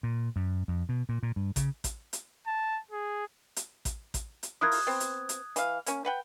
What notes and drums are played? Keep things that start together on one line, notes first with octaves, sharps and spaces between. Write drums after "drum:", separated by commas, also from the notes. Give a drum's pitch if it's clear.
A#2
F#2
F2
B2
A#2
A#2
G2
C#3, drum: kick A1, hi-hat
drum: kick A1, hi-hat
drum: hi-hat
A5
G#4
drum: hi-hat
drum: kick A1, hi-hat
drum: kick A1, hi-hat
drum: hi-hat
E4 F4 A#4 D#6 F#6 G#6
drum: open hi-hat
B3 C4
drum: hi-hat
drum: hi-hat
E3 F5, drum: hi-hat
A#3 C#4, drum: hi-hat
B4 F#5 G5